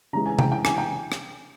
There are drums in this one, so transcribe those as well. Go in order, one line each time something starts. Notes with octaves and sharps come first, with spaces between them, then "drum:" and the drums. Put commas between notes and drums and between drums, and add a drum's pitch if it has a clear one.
C#3 E3 G#3 A#5
G#5
G5, drum: tom C3
G5
G#5, drum: rim click
G5
drum: rim click